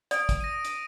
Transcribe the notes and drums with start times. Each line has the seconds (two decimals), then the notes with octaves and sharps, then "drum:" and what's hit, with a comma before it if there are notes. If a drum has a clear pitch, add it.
0.11 D5 D#6 D7, drum: hi-hat
0.29 drum: kick, hi-hat
0.40 A#6 D#7
0.65 drum: hi-hat